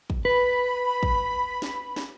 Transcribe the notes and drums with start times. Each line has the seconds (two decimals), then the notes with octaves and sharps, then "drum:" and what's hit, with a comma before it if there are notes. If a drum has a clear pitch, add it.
0.10 drum: kick
0.25 B4 B5
1.03 drum: kick
1.62 drum: snare
1.96 drum: snare